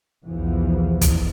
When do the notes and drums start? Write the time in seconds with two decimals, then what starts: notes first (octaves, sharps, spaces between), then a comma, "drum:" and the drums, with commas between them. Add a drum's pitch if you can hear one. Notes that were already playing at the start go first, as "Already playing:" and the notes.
0.24 B1 E2 E3 F3
1.01 drum: kick, hi-hat